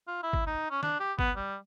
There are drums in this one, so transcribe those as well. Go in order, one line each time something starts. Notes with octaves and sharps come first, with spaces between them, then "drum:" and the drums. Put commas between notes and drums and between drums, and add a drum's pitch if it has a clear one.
F4
E4
drum: kick G1
D#4
C#4
D4, drum: snare
G4
B3, drum: kick G1
G3